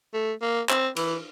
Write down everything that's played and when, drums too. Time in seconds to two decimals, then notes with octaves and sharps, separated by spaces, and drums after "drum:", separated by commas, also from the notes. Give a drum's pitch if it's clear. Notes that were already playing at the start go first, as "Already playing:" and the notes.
0.14 A3
0.42 A#3
0.69 C4, drum: clap
0.96 E3, drum: cymbal